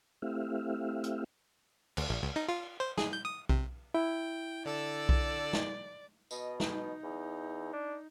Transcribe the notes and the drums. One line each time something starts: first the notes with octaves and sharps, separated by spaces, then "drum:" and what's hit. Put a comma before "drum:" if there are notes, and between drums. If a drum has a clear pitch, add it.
A3 C4 E4 G4 E5 F5
drum: hi-hat
D2, drum: cymbal
A#1
C#2
D#4
F4
C5
G#4, drum: snare
G6
D#6
C3, drum: kick B1
E4 G5
D3 A4 D5 E6
drum: kick B1
drum: snare
B2 D#5, drum: tambourine
D#4, drum: snare
E2
D4